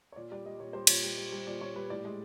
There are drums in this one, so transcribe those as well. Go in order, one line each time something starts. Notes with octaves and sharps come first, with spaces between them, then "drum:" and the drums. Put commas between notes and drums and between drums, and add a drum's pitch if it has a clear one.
C#5
A#2 D5
G3 D5
G3 D#5
A#2 C#5
G3 C5
A#2 C#5, drum: cymbal
G3
G3
G3
A#2 D5
A#2 C#5
G3 B4
A2 D5
G#3